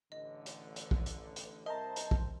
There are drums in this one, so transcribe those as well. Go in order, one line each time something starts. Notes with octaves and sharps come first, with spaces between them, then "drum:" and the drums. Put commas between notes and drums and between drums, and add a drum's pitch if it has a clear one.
A1 D3 D#5
drum: hi-hat
drum: hi-hat
drum: kick
drum: hi-hat
drum: hi-hat
C2 C4 A#4 C5 D#5 E5 A5 A#5
drum: hi-hat
drum: kick